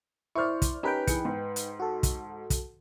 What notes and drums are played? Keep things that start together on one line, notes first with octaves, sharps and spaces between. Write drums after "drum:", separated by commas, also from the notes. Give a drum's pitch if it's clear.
E4 C5 D5 C#6 F6
drum: kick, hi-hat
C#4 D#4 G4 A#4 B4 G5
E3 G#4 C#7, drum: kick, hi-hat
G#2
drum: hi-hat
F#4 A4
drum: kick, hi-hat
drum: kick, hi-hat